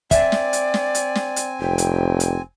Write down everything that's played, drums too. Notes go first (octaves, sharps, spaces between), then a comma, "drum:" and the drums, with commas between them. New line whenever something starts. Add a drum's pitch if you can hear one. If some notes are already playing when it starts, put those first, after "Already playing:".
C4 D5 E5 G#5, drum: kick, hi-hat
drum: snare
drum: hi-hat
drum: snare
drum: hi-hat
drum: snare
drum: hi-hat
F1 G5
drum: hi-hat
drum: hi-hat